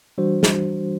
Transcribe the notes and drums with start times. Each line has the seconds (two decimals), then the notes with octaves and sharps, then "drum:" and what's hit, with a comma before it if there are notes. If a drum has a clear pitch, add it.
0.18 E3 G3 D4 F#4 C5
0.43 drum: snare